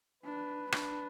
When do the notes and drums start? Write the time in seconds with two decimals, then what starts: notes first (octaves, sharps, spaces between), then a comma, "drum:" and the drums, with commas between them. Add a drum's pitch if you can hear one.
0.23 D4 B4
0.72 D4, drum: rim click